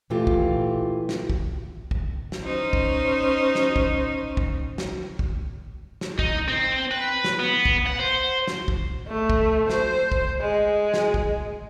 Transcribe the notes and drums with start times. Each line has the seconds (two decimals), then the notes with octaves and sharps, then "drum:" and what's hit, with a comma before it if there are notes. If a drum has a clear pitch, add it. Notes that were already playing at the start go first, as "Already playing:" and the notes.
0.10 A#2 E3 A3 F4 G4
0.27 drum: kick
1.09 drum: snare
1.30 drum: kick
1.91 drum: kick
2.32 drum: snare
2.44 C#4 D#4 C5
2.73 drum: kick
3.55 drum: snare
3.76 drum: kick
4.37 drum: kick
4.78 drum: snare
5.19 drum: kick
6.01 drum: snare
6.19 D#4, drum: kick
6.48 C4
6.91 B4
7.24 drum: snare
7.39 B3
7.65 drum: kick
7.86 F#5
7.99 C5
8.47 drum: snare
8.68 drum: kick
9.08 A3
9.30 drum: kick
9.70 C5, drum: snare
10.12 drum: kick
10.41 G#3
10.94 drum: snare
11.14 drum: kick